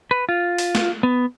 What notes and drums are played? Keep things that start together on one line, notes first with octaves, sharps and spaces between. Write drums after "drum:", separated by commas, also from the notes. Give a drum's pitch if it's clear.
B4
F4
drum: open hi-hat
drum: snare
B3